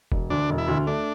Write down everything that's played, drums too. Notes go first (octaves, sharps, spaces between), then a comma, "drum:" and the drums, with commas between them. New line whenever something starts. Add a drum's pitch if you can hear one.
E1, drum: kick
D2 D4
E1
E4
D2
A3 D4